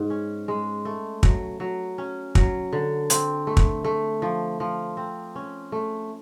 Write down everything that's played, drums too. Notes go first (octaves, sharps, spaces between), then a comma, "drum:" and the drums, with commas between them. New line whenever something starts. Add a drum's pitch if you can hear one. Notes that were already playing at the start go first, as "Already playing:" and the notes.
Already playing: G#2
C#4
G#3
A3
F#3, drum: kick
F#3
C#4
F#3, drum: kick
D3
C4, drum: hi-hat
A3
drum: kick
A3
F3
F3
C4
C#4
A3